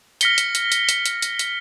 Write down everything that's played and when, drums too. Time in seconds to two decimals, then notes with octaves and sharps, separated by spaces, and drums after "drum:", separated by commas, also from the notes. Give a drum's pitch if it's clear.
0.21 F6 A#6 B6 C#7 G7, drum: hi-hat
0.38 drum: hi-hat
0.55 drum: hi-hat
0.72 drum: hi-hat
0.89 drum: hi-hat
1.06 drum: hi-hat
1.22 drum: hi-hat
1.39 drum: hi-hat